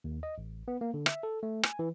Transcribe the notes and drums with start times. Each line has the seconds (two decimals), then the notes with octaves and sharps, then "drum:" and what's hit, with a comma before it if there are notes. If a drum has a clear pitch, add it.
0.04 D#2
0.23 D#5
0.38 A1
0.68 B3
0.81 A#3
0.94 D3
1.06 E5, drum: rim click
1.23 A4
1.43 A3
1.63 G#5, drum: rim click
1.79 E3